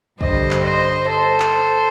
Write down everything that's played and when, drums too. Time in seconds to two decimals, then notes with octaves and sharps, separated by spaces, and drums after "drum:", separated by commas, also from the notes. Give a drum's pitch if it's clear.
0.21 G2 D3 G3 C5 D#5, drum: kick
0.51 drum: clap
0.65 C5 D#5
1.10 A4 C5
1.40 drum: clap